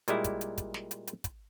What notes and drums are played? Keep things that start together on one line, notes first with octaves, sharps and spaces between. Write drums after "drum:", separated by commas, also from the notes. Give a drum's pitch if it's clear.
A#2 G3 G#3 E4, drum: hi-hat
drum: kick, hi-hat
drum: hi-hat
drum: kick, hi-hat
drum: snare
drum: hi-hat
drum: hi-hat
drum: kick, hi-hat